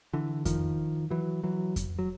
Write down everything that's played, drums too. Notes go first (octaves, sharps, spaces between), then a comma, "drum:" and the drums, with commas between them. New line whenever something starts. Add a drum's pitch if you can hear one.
D3 E3
D#3 F3, drum: kick F2, hi-hat
E3 F#3
E3 F#3
drum: kick F2, hi-hat
F#3